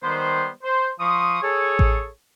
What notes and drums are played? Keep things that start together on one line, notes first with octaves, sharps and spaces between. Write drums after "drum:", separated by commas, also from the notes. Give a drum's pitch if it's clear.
D#3 G3 B3 C5
C5
F3 C6 C#6 D#6
G#4 A4 C#5
drum: kick A1